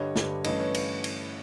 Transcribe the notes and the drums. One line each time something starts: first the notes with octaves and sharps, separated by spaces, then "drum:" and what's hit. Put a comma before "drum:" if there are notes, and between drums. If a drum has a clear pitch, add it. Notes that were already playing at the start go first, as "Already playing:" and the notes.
Already playing: G2 D3 G3 C#5 D#5
G2 D3 G3, drum: snare
G2 E3 A3 C#4 C#5 D#5, drum: cymbal
B4 C#5
drum: cymbal
drum: cymbal